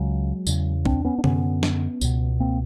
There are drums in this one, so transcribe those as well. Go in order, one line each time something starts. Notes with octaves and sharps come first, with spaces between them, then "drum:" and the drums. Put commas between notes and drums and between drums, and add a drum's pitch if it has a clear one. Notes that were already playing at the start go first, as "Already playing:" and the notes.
Already playing: C#2 C#3 F#3 G#3
E2 C#3, drum: tambourine
C4 D4, drum: kick
B3 C#4
D4
F#2 D3 B3 C#4, drum: tom C3
drum: snare
C#2 B2, drum: tambourine
A#3 C4